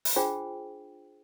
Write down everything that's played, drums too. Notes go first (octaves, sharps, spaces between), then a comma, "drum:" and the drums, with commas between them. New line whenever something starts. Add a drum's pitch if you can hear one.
drum: open hi-hat
D4 F4 G#4 C5 G5